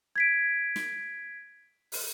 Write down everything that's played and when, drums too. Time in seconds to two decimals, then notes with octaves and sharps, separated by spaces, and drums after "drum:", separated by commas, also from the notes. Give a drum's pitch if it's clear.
0.16 G#6 B6 D7
0.76 drum: snare
1.92 drum: open hi-hat